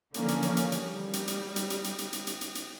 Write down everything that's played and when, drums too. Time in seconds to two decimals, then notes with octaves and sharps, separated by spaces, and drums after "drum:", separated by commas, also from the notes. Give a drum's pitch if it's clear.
0.14 D3 E3 F3 A#3 C#4, drum: hi-hat
0.28 drum: hi-hat
0.43 drum: hi-hat
0.57 drum: hi-hat
0.72 G3, drum: hi-hat
1.13 drum: hi-hat
1.28 drum: hi-hat
1.56 drum: hi-hat
1.70 drum: hi-hat
1.84 drum: hi-hat
1.98 drum: hi-hat
2.13 drum: hi-hat
2.27 drum: hi-hat
2.41 drum: hi-hat
2.55 drum: hi-hat